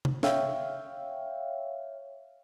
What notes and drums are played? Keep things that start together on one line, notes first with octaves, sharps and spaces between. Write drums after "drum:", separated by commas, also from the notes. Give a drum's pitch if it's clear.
drum: tom C3
C#5 E5 F5 G5, drum: snare